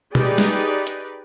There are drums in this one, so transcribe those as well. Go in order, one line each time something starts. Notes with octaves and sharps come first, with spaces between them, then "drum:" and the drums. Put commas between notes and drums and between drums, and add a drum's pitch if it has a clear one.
D#4 G4 G#4 B4 D5, drum: tom
drum: snare
drum: hi-hat